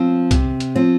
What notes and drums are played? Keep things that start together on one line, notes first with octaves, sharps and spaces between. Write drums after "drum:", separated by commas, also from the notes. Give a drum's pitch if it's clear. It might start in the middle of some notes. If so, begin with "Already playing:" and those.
Already playing: F3 C4
C3, drum: kick, hi-hat
drum: hi-hat
F3 C4